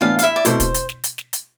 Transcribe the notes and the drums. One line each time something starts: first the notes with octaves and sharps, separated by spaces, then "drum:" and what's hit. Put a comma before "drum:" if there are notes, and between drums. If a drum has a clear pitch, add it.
A2 E3 B3 D4 F4 F5
F5, drum: hi-hat
E4 E5
D5
B2 A3 C4 E4 C5, drum: hi-hat
drum: kick, hi-hat
drum: hi-hat
drum: snare
drum: hi-hat
drum: snare
drum: hi-hat